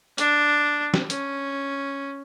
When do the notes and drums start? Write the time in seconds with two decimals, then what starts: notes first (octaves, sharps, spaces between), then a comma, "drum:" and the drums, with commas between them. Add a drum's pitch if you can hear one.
0.18 D4, drum: hi-hat
0.94 drum: snare
1.10 C#4, drum: hi-hat